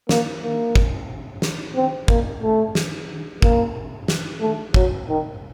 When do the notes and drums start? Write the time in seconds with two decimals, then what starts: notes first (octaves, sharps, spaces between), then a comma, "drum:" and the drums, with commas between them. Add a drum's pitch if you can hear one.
0.09 A#3, drum: snare
0.42 A#3
0.75 drum: kick
1.42 drum: snare
1.76 C4
2.08 A#3, drum: kick
2.42 A3
2.75 drum: snare
3.42 A#3, drum: kick
4.08 drum: snare
4.41 A3
4.74 F#3, drum: kick
5.09 D#3